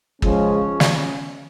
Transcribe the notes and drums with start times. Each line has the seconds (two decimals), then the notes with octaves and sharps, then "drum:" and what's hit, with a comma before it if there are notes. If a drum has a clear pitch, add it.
0.22 C#3 F3 G#3 C#4, drum: kick
0.80 drum: snare